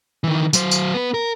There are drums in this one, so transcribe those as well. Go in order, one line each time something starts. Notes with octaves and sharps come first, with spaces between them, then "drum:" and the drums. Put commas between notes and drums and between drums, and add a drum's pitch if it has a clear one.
D#3 E3
F#3 C5, drum: tambourine
drum: tambourine
B3 B4
A#4